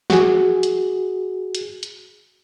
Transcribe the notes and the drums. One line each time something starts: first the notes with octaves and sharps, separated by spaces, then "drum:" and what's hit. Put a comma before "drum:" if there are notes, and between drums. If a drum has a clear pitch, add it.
F#4 G#4, drum: snare
drum: hi-hat
drum: hi-hat
drum: hi-hat